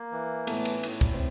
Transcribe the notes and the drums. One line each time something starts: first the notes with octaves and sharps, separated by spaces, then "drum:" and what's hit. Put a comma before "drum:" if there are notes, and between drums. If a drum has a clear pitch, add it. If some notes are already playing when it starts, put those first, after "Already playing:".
Already playing: A#3
E3
A2 A3 B3, drum: cymbal
drum: cymbal
A2, drum: cymbal
drum: kick
C4